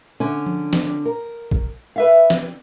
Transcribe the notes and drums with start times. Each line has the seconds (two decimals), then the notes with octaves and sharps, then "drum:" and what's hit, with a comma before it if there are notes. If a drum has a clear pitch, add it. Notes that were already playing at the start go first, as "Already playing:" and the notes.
0.20 D3 C#4
0.46 drum: tom F3
0.73 drum: snare
1.06 A#4
1.51 drum: kick
1.96 B4 E5 F5
2.30 drum: snare